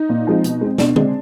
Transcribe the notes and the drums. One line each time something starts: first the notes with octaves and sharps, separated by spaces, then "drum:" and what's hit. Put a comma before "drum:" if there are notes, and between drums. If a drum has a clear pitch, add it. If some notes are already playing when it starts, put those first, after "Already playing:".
Already playing: D#4
A#2
F3 G#3 C4
B2, drum: hi-hat
G#3 C4
B2 D4, drum: snare
G#3 C4, drum: tom D3